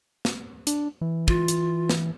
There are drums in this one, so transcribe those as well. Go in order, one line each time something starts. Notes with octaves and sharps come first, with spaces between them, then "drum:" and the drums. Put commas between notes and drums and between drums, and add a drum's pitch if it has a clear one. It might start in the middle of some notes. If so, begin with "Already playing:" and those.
drum: snare
D4, drum: hi-hat
E3
F4, drum: kick
drum: hi-hat
drum: snare